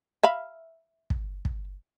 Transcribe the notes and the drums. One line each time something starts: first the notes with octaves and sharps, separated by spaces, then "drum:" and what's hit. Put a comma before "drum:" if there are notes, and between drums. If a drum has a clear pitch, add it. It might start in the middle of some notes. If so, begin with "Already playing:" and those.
E5 F5 B5
drum: kick
drum: kick